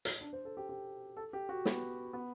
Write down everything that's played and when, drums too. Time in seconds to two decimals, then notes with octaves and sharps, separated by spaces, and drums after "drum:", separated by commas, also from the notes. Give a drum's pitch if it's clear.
0.05 drum: hi-hat
0.21 D4
0.33 C5
0.45 A4
0.57 G4
0.69 G4
1.17 A4
1.33 G4
1.49 F#4
1.65 B3, drum: snare
2.13 B3